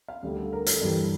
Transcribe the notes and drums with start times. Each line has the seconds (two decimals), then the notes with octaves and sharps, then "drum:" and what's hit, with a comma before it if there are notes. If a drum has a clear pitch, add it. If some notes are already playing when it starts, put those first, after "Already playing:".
0.08 F5
0.23 D2 D3 G3
0.37 A4
0.53 A#4
0.66 A4, drum: hi-hat
0.81 G2 E3 G3